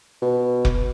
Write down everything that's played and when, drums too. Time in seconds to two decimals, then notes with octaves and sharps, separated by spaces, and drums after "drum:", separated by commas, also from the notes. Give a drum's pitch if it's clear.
0.22 B2
0.65 drum: kick F1